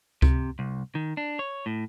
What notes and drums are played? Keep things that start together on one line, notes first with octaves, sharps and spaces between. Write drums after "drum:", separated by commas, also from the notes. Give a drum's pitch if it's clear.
C3, drum: kick C#2
C2
D#3
D4
C#5
A2